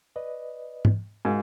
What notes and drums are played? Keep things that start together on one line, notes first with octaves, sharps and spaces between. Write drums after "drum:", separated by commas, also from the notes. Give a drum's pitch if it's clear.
B4 D5 D#5
drum: tom
G#2 F#4 A#4 F5